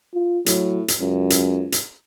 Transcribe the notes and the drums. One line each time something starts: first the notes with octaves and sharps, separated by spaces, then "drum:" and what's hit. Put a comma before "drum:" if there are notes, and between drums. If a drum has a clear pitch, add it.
F4
A2 F#3, drum: hi-hat
drum: hi-hat
C#2 F#2
drum: hi-hat
drum: hi-hat